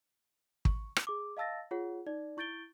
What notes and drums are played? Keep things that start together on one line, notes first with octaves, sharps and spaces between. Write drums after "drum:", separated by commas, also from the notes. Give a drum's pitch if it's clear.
C#6, drum: kick
drum: rim click
G#4 D6
D#5 F5 A5 E6 A6 A#6
F4 G#4 C#5 F#5
D#4 D5
E4 C#6 G6 A6 D7 G7